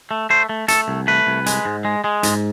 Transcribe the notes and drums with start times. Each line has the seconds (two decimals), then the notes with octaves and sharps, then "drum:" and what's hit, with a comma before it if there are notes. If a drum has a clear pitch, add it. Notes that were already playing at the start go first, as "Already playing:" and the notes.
0.11 A3
0.30 A3 C5
0.49 A3
0.68 A3 A4, drum: hi-hat
0.88 C2
1.08 A3 B4
1.27 C2
1.46 G#3, drum: hi-hat
1.65 G#2
1.85 G#3
2.04 G#3
2.23 G#2, drum: hi-hat